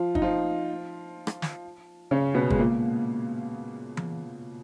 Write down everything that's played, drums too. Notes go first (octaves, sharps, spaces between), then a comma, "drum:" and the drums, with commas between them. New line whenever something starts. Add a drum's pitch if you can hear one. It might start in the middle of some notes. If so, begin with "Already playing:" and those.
Already playing: F3 F4
D#4, drum: kick
F3 F4
drum: rim click
drum: snare
C#3 C#4
B2 B3
G#3, drum: kick
A#2 A#3
drum: tom E3